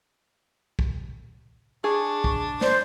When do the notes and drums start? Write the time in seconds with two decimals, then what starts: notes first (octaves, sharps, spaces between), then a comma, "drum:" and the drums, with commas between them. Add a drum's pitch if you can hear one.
0.79 drum: kick
1.84 D4 G#4 C#6
2.24 drum: kick
2.61 C5 D5, drum: snare